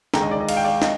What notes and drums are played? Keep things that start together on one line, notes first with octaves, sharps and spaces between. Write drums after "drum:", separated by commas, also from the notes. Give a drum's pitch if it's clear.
D#2 D3 G#3 G5 A#5, drum: snare
D#5
D5
D#5
F5, drum: cymbal
G5
D5 F5
D#5, drum: snare